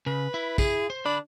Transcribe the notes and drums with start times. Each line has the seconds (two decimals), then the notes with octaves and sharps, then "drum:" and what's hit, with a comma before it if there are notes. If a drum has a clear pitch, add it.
0.06 C#3 B4
0.34 E4
0.58 G#4, drum: kick, tambourine
0.90 C5
1.05 D3 D4 B5